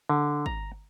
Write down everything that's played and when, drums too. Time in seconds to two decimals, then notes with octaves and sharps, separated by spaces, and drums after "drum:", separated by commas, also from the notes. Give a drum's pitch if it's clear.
0.09 D3
0.46 A#5, drum: kick